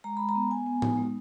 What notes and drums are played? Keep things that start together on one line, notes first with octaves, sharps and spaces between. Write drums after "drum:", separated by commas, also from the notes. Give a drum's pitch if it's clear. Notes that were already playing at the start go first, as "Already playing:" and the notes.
G#3 A#5
G#3 B5
A#5
B3
B3 G#5
B3
D#4, drum: tom A2
G#3